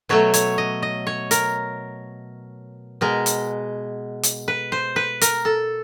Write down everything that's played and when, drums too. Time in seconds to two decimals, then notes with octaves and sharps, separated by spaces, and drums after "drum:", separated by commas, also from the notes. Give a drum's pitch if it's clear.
0.09 B2 F#3 A3 C#5
0.34 C#5, drum: hi-hat
0.58 D#5
0.82 D#5
1.07 C#5
1.31 A#4, drum: hi-hat
3.01 B2 G#3 A#4
3.26 drum: hi-hat
4.23 drum: hi-hat
4.48 B4
4.72 C5
4.96 B4
5.21 A#4, drum: hi-hat
5.45 A4